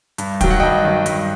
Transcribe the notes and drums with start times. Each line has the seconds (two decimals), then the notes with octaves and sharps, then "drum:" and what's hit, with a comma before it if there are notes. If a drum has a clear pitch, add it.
0.18 G2, drum: hi-hat
0.41 D#3 F#3 G5, drum: kick, hi-hat
0.50 F#5
0.60 G2 D#5 G5
0.84 D#3 F#3
1.06 G2, drum: hi-hat